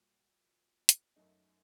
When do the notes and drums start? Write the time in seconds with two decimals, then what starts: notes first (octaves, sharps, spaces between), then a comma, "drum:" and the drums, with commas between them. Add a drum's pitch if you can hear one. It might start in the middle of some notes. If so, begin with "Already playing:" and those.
Already playing: A#2 G3 F#4
0.89 drum: hi-hat
1.16 F#2 F#3 A3 D#4